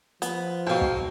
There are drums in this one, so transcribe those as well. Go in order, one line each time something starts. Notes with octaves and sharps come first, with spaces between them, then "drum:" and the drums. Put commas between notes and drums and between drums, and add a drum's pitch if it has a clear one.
F3 B3, drum: hi-hat
G#2 B2 F#3 A4 F5 G5
drum: kick